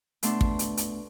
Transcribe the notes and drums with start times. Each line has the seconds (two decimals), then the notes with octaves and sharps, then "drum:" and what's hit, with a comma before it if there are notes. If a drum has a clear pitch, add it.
0.23 B2 A3 D4 C6, drum: hi-hat
0.41 drum: kick
0.59 drum: hi-hat
0.77 drum: hi-hat